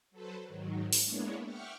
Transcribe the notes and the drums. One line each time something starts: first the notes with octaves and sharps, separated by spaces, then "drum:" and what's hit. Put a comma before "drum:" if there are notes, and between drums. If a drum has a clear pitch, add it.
F#3 A4 B4 C5
G#2 D#3 F#3
drum: open hi-hat
G#3 A#3 B3 D4 E4 C#5
E5 F#5 G5 C#6 D6 F6